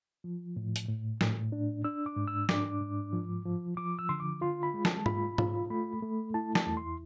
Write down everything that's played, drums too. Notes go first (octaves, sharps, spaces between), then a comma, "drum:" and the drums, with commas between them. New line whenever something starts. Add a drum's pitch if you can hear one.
F3
A2
drum: hi-hat
A2
A2, drum: snare
D4
D4 E6
D6
G#2
E6
D4 D6, drum: snare
G#2
F3
F3
F3 D6
E6
D3 C6
D6
F4 C6
B5
G#3
A5, drum: snare
F4 B5, drum: tom G#2
F4, drum: tom G#2
A3 B5
A3
E4 A5
A5, drum: snare
E2
C6